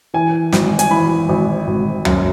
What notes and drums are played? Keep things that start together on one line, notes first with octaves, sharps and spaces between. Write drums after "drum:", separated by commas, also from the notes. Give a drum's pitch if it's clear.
E3 G#5
G#1, drum: snare
G#5, drum: hi-hat
E3 B5
G#1
G#1
F#2, drum: tom